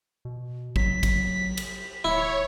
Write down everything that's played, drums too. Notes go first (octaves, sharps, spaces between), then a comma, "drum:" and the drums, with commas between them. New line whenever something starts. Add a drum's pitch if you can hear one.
B2
F#3 B6, drum: kick
drum: kick, cymbal
drum: cymbal
D1 E4 C#5